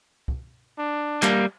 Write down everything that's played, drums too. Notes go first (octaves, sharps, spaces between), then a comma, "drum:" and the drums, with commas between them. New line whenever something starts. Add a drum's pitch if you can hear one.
drum: kick
D4
G3 A#3, drum: clap